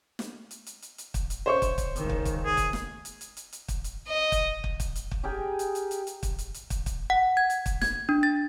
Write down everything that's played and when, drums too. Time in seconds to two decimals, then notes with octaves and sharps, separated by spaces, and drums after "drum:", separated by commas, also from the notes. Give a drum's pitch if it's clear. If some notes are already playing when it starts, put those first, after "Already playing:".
0.19 drum: snare
0.51 drum: hi-hat
0.67 drum: hi-hat
0.82 drum: hi-hat
0.98 drum: hi-hat
1.14 drum: kick, hi-hat
1.30 drum: hi-hat
1.46 C5 C#5 C#6
1.62 drum: kick, hi-hat
1.78 drum: kick, hi-hat
1.96 C#2 D#3, drum: hi-hat
2.10 drum: kick
2.25 drum: kick, hi-hat
2.46 G#4
2.57 drum: kick, hi-hat
2.73 drum: snare
3.05 drum: hi-hat
3.21 drum: hi-hat
3.37 drum: hi-hat
3.53 drum: hi-hat
3.68 drum: kick, hi-hat
3.84 drum: hi-hat
4.08 D#5
4.32 drum: kick, hi-hat
4.64 drum: kick
4.80 drum: kick, hi-hat
4.96 drum: hi-hat
5.11 drum: kick
5.24 G4 G#4 A#4 G5
5.59 drum: hi-hat
5.75 drum: hi-hat
5.91 drum: hi-hat
6.07 drum: hi-hat
6.23 drum: kick, hi-hat
6.39 drum: hi-hat
6.54 drum: hi-hat
6.70 drum: kick, hi-hat
6.86 drum: kick, hi-hat
7.10 F#5
7.37 G#6
7.50 drum: hi-hat
7.66 drum: kick, hi-hat
7.82 G#6, drum: snare
8.09 D4
8.23 A6